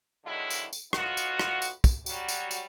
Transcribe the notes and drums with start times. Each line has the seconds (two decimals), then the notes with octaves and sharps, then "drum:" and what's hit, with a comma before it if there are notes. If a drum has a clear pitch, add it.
0.25 B2 D3 D#3 F#3 G#3 E4
0.50 drum: tambourine
0.73 drum: tambourine
0.93 A2 B3 D#4 F4 F#4, drum: rim click
1.17 drum: tambourine
1.39 drum: rim click
1.62 drum: tambourine
1.84 drum: kick, tambourine
2.06 F#3 G3 F#4, drum: tambourine
2.28 drum: tambourine
2.51 drum: tambourine